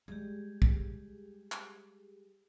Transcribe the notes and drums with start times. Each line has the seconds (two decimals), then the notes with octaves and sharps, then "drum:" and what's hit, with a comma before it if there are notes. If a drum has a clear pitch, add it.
0.08 G3 G#3 G4 G#4
0.62 drum: kick
1.52 drum: clap